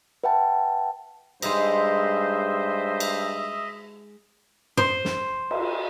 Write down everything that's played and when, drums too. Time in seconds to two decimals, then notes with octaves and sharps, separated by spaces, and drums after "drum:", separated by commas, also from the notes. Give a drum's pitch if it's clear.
0.24 B4 E5 F#5 G5 A5
1.42 G2 G#3 D#4 C5 D#5 E5, drum: cymbal
3.00 drum: cymbal
4.77 C5, drum: tom
5.05 drum: snare
5.51 drum: cymbal